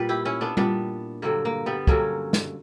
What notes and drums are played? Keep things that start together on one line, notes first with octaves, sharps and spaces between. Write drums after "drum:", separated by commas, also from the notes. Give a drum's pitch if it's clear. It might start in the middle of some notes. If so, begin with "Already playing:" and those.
Already playing: A#2 G3 B4
E4 G4
C#4 E4
B3 D4
A#2 G3 B3 D4, drum: tom G3
G2 D3 F#3 A#3
A#3
G3 B3
G2 D3 F#3 A#3 C#4, drum: kick
drum: snare